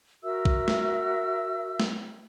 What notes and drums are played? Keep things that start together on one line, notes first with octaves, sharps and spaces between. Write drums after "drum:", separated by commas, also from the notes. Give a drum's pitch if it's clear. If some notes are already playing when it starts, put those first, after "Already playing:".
F#4 A#4 E5 E6
drum: kick
drum: snare
drum: snare